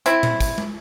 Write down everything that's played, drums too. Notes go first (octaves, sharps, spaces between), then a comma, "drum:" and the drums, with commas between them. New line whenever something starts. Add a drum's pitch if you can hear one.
C4 E4, drum: hi-hat
drum: tom A#2
drum: kick, hi-hat
drum: tom